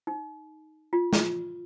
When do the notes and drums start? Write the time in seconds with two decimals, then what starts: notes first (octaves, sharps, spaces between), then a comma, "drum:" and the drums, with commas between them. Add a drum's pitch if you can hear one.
0.07 D#4
0.93 F4
1.13 drum: snare